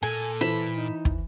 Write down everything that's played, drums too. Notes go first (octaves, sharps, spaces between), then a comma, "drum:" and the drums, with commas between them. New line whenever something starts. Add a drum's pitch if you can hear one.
A#2 A4 G#5
E3 C5 B5 E7
D#4
drum: kick